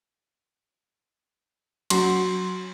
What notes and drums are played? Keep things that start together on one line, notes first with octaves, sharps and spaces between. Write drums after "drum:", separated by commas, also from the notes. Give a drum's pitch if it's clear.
F#3 C6, drum: cymbal